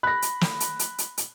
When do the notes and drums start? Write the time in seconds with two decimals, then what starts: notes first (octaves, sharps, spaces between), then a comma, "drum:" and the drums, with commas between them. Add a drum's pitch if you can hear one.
0.03 B5 F#6 A#6
0.22 drum: hi-hat
0.41 drum: snare
0.60 drum: hi-hat
0.79 drum: hi-hat
0.98 drum: hi-hat
1.18 drum: hi-hat